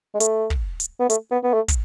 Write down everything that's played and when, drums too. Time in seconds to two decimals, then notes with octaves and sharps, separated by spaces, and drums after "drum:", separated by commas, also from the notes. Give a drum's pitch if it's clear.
0.15 G#3
0.20 A3, drum: hi-hat
0.50 drum: kick
0.80 drum: hi-hat
1.00 B3
1.10 A3, drum: hi-hat
1.31 B3
1.43 B3
1.54 A3
1.68 drum: kick, hi-hat